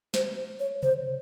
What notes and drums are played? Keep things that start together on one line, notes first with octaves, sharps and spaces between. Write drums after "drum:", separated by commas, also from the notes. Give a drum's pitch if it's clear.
C5, drum: snare
C#5
C5, drum: tom C3